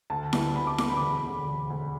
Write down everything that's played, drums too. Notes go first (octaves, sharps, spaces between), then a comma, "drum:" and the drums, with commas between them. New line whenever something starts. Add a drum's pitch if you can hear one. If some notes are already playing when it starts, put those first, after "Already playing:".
D2 A5
D3 G3 B3 E4, drum: snare E4
D2 B5
D6
D3 G3 B3 E4 D6, drum: snare E4
B5
D6
E1 B5
D2 D3
E1
D2 D3